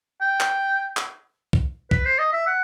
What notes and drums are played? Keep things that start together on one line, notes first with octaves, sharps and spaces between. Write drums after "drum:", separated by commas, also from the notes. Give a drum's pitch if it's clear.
G5
drum: clap
drum: clap
drum: kick
B4, drum: kick
C5
D#5
E5
F#5